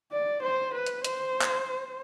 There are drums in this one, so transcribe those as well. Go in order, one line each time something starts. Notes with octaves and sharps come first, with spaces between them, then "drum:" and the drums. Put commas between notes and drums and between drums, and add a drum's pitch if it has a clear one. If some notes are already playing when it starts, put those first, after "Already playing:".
D5
C5
B4
drum: hi-hat
C5, drum: hi-hat
drum: clap